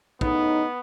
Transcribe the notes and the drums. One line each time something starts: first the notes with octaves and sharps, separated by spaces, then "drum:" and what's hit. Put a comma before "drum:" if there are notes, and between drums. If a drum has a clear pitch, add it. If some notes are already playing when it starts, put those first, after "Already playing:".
A2 C#3 B3 D#4, drum: kick